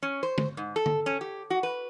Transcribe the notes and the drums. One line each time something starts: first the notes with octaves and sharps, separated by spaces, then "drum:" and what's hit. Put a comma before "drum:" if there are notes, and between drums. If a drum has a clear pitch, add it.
C#4
C5
drum: tom
G#2
A4
drum: tom D3
C#4
G4
F#4
B4